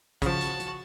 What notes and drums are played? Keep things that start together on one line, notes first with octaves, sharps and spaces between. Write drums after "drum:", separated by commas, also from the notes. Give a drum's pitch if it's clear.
C#3 F3 F#4 A5, drum: kick, hi-hat
drum: hi-hat
drum: hi-hat